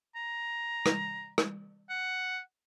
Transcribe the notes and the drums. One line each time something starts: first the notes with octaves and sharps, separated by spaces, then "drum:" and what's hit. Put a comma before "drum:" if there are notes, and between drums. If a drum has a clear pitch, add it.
A#5
drum: rim click
drum: rim click
F#5